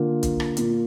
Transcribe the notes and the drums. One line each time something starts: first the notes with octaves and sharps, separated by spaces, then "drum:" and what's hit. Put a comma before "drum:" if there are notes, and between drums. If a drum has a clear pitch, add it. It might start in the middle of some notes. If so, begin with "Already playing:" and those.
Already playing: D3 A#3 F4
drum: kick, hi-hat
drum: rim click
A#2 A#3 F4, drum: hi-hat